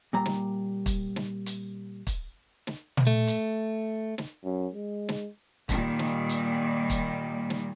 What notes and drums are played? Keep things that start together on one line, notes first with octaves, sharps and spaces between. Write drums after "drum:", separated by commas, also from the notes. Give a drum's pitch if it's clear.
A#2 G3 A#5
drum: snare
drum: kick, hi-hat
drum: snare
drum: hi-hat
drum: kick, hi-hat
drum: snare
drum: tom
A3
drum: hi-hat
drum: snare
F#2
G#3
drum: snare
A#2 D#3 G3, drum: kick, hi-hat
drum: snare
drum: hi-hat
drum: kick, hi-hat
drum: snare